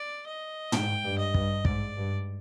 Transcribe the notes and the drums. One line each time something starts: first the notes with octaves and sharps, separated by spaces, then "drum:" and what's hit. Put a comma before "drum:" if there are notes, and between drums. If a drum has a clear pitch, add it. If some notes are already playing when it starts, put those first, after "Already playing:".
Already playing: D5
D#5
G#2 G5, drum: tom
G2
D#5
G2, drum: kick
G#2 D5, drum: kick
G2